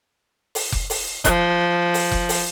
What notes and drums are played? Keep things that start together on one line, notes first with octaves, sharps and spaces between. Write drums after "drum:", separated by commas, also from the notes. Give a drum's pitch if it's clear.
drum: open hi-hat
drum: kick F1
drum: open hi-hat
F3, drum: kick F1, hi-hat
drum: open hi-hat
drum: kick F1
drum: open hi-hat